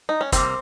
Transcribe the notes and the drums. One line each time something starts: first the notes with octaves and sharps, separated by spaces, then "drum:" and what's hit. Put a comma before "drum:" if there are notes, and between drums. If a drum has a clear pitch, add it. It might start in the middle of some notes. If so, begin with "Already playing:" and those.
D#4
C#4
C3 G3 A#3 C4, drum: kick, hi-hat